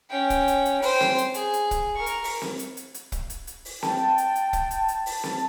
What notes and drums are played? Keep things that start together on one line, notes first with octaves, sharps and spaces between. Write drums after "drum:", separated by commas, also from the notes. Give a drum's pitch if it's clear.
C#4 G5
drum: kick, hi-hat
drum: hi-hat
drum: hi-hat
C5 G5, drum: open hi-hat
drum: snare C4
drum: hi-hat
G#4, drum: hi-hat
drum: hi-hat
drum: kick, hi-hat
A#4 C#6
drum: hi-hat
drum: open hi-hat
drum: snare C4
drum: hi-hat
drum: hi-hat
drum: hi-hat
drum: kick, hi-hat
drum: hi-hat
drum: hi-hat
drum: open hi-hat
G5 A5, drum: snare C4
drum: hi-hat
drum: hi-hat
drum: kick, hi-hat
drum: hi-hat
drum: hi-hat
drum: open hi-hat
drum: snare C4